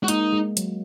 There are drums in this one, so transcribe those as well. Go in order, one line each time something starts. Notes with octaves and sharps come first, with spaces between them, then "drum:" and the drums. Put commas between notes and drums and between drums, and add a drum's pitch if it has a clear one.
G#3 F#4
A#3 D#4, drum: hi-hat
G#3
F#3, drum: hi-hat